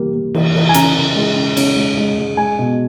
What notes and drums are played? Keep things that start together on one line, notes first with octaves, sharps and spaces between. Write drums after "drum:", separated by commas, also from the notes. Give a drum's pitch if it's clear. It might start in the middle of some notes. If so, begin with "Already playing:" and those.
Already playing: E3 G3 A#3
A#3
E3, drum: cymbal
E3, drum: cymbal
G#5
C#3 A#5, drum: hi-hat
C#3
G#3
C#3
C#4, drum: cymbal
G#3
G#3
G#3
G#3 G#5
B2